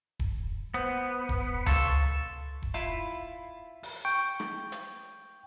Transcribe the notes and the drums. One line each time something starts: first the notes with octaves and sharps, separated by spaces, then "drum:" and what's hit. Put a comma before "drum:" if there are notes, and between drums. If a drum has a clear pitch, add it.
drum: kick D#1
B3 C5
drum: kick D#1
A4 F5 C6 C#6, drum: tom C#2
drum: kick D#1
E4 F4 B5
drum: open hi-hat
G5 C#6
drum: rim click
drum: hi-hat